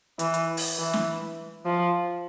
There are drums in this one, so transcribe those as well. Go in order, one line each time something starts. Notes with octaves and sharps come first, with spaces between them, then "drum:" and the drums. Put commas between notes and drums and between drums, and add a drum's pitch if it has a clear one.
E3, drum: hi-hat
drum: hi-hat
drum: open hi-hat
E3
drum: snare
F3